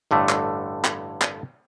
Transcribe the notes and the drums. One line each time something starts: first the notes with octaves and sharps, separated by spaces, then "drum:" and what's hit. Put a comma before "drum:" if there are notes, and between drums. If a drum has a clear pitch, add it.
A1 G2 D3 A3
drum: clap
drum: clap
drum: clap